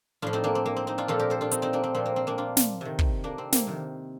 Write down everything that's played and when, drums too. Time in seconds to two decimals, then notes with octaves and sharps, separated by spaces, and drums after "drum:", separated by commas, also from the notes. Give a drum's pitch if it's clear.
0.22 A2 F3 D4 F4
0.33 C4 D#4
0.44 A#3 D4
0.55 C4
0.66 A#3
0.77 C4
0.87 C4 D#4
0.98 D4 F4
1.08 A#2 F3 F4 A4
1.19 G4 A#4
1.30 A4 C5
1.41 D4 F4
1.51 C4 D#4, drum: hi-hat
1.62 C4 D#4
1.73 A#3 D4
1.84 C4
1.95 A#2 F3 C4
2.06 A#3
2.16 C4
2.27 A#3 D4
2.38 D4 F4
2.57 drum: snare
2.81 C3 D#3
2.99 drum: kick
3.24 A#3 D4
3.38 C4
3.52 A#3, drum: snare
3.67 C3 D#3